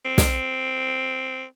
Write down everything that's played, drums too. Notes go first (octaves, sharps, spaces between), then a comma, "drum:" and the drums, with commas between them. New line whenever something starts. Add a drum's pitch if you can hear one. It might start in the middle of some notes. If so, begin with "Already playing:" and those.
C4
drum: snare